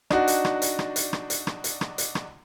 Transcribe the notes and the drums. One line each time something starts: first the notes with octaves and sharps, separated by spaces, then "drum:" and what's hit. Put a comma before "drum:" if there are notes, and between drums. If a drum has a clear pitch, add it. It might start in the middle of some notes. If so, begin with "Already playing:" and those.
D4 D#4 F#4, drum: rim click
drum: hi-hat
drum: rim click
drum: hi-hat
drum: rim click
drum: hi-hat
drum: rim click
drum: hi-hat
drum: rim click
drum: hi-hat
drum: rim click
drum: hi-hat
drum: rim click